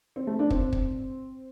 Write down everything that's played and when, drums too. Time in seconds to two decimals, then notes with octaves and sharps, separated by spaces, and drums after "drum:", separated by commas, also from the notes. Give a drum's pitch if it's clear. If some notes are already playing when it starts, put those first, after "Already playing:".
0.16 C4
0.27 A3
0.39 D4
0.50 C4, drum: kick
0.73 drum: kick